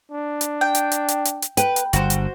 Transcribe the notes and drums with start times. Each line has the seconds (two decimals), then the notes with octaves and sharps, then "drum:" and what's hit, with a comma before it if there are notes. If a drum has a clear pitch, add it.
0.12 D4
0.41 drum: hi-hat
0.61 G5
0.75 drum: hi-hat
0.92 drum: hi-hat
1.08 drum: hi-hat
1.25 drum: hi-hat
1.42 drum: hi-hat
1.57 B4 G5, drum: hi-hat
1.76 drum: hi-hat
1.93 G1 F#4 C5, drum: hi-hat
2.10 drum: hi-hat